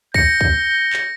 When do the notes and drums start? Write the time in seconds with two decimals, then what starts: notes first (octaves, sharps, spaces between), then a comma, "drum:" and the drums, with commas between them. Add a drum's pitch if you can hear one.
0.14 G6 A#6 C#7, drum: kick
0.41 drum: kick
0.93 drum: clap